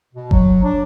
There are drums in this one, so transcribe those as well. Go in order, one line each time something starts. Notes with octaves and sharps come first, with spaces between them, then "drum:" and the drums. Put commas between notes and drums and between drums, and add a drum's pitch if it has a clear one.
B2
F#3, drum: kick G1
D4